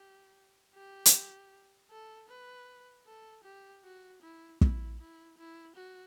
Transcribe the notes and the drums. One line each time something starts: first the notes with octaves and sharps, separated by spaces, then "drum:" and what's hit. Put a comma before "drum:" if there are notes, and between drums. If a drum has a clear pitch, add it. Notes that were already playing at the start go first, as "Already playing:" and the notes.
Already playing: G4
G4
drum: hi-hat
A4
B4
A4
G4
F#4
E4
E4, drum: kick
E4
E4
F#4